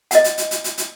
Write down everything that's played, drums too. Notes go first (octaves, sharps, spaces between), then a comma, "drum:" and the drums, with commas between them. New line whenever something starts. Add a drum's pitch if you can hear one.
D#5 F#5, drum: hi-hat
drum: hi-hat
drum: hi-hat
drum: hi-hat
drum: hi-hat
drum: hi-hat